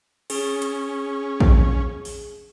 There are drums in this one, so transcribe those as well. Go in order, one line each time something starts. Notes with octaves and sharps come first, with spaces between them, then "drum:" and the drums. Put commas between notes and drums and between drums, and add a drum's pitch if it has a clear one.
C#4 G#4, drum: cymbal
drum: hi-hat
drum: kick A#1
drum: open hi-hat